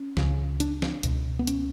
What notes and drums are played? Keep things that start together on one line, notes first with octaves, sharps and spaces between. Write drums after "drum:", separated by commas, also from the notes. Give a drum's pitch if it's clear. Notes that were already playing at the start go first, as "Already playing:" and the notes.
Already playing: C#4
C#2 C#3, drum: snare
D4, drum: hi-hat
drum: snare
C#2 B2, drum: hi-hat
B3
C#4, drum: hi-hat